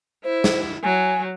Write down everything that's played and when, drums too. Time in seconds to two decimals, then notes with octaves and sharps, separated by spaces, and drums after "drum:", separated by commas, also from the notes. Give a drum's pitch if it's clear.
0.24 E4 C5
0.44 drum: snare
0.83 F#3 G#5